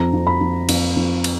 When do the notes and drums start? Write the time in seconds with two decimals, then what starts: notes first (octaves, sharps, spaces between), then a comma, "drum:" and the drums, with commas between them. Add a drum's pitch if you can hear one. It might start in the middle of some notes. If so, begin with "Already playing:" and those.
Already playing: F2 A#5
0.13 F2
0.27 B5
0.41 F2
0.69 F2, drum: cymbal
0.97 F2
1.24 drum: cymbal